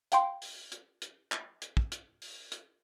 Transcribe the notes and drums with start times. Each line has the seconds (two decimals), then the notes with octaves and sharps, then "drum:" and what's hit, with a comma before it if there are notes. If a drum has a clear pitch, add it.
0.12 F5 G5 C6, drum: hi-hat
0.42 drum: open hi-hat
0.72 drum: hi-hat
1.02 drum: hi-hat
1.32 drum: clap
1.62 drum: hi-hat
1.77 drum: kick
1.92 drum: hi-hat
2.22 drum: open hi-hat
2.52 drum: hi-hat